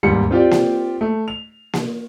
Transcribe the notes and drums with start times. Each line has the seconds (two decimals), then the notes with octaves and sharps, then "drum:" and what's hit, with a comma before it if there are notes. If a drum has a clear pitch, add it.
0.03 E1 D#2 G#2 G3 C#7
0.31 C4 F4 G4 D5
0.51 drum: snare A#3
1.01 A3
1.28 F7
1.73 drum: snare A#3